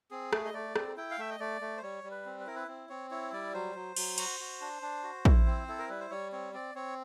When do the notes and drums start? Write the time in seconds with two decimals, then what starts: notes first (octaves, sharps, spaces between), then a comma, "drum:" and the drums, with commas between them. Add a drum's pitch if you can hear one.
0.11 C4 G#4
0.33 A3, drum: rim click
0.45 D#5
0.54 A3 D5
0.76 C4, drum: rim click
0.97 E4 G5
1.11 F5
1.18 A3 E5
1.31 D#5
1.40 A3 D5
1.61 A3
1.77 C5
1.82 G3 C#5
2.04 G3
2.11 B4
2.25 C4
2.40 B4
2.47 E4 A#4
2.56 B4
2.68 C4
2.89 C4 C#5
3.11 E4 C#5
3.32 G3 D5
3.54 F#3 C5
3.75 F#3
3.96 F#3, drum: cymbal
4.18 F#4, drum: cymbal
4.40 F#4
4.61 D4
4.82 D4
5.04 F#4
5.25 E4, drum: kick A#1
5.46 C4
5.68 E4 A4
5.79 A#4
5.89 G3 B4
6.00 C5
6.11 G3 C#5
6.32 C4 C#5
6.54 C4 D5
6.75 C4 C#5